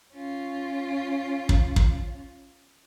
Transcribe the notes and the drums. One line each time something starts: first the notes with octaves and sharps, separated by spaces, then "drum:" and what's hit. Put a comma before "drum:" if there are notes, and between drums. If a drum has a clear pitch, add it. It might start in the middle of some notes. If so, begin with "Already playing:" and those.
C#4 F4
drum: kick
drum: kick